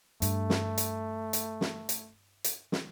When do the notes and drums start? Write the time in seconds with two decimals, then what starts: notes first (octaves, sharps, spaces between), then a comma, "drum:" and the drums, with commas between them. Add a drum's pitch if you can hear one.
0.22 G2 A3, drum: hi-hat
0.50 drum: snare
0.78 drum: hi-hat
1.33 drum: hi-hat
1.61 drum: snare
1.89 drum: hi-hat
2.44 drum: hi-hat
2.72 drum: snare